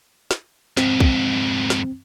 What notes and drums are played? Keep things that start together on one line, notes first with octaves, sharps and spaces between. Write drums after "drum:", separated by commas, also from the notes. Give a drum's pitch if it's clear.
drum: snare
F2 G#2 C4, drum: snare
drum: kick
drum: snare